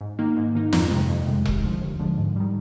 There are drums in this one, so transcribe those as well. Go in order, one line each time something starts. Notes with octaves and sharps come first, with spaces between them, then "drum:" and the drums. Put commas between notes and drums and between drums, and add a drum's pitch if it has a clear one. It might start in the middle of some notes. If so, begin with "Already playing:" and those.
G#2
D#3 A#3 D#4
G#2
D#3 A#3 D#4
F2, drum: snare
C3 D#3 G#3
F2
C3 D#3 G#3
D#2, drum: kick E1
D3 F3 G#3
D#2
D3 F3 G#3
G#2
D#3 G3